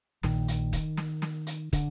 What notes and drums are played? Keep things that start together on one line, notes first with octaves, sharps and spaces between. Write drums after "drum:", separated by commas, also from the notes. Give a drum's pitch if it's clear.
A#1 A#2 D#3, drum: snare
drum: hi-hat
drum: kick, hi-hat
drum: snare
drum: snare
drum: hi-hat
D3, drum: kick, hi-hat